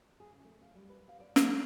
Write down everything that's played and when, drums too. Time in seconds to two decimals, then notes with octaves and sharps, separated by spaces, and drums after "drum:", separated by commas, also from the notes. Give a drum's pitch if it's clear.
0.20 G#4
0.32 C#3
0.45 A3
0.62 F5
0.75 G3
0.90 B4
1.08 F5
1.20 D5
1.36 F#3, drum: snare
1.49 A4